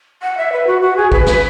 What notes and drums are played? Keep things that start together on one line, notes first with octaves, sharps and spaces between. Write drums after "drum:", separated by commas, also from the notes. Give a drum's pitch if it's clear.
F#5
E5
B4
F#4
F#4
G#4
B4, drum: kick
B4, drum: snare